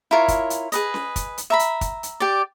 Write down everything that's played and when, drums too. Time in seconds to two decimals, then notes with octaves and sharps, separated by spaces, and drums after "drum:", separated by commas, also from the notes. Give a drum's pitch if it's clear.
0.11 E4 F4 A#4 C#5
0.28 drum: kick, hi-hat
0.50 drum: hi-hat
0.72 G#4 B4 D#5, drum: hi-hat
0.94 drum: snare C#4
1.16 drum: kick, hi-hat
1.38 drum: hi-hat
1.50 E5 A#5 B5
1.59 drum: hi-hat
1.81 drum: kick, hi-hat
2.03 drum: hi-hat
2.20 G4 D5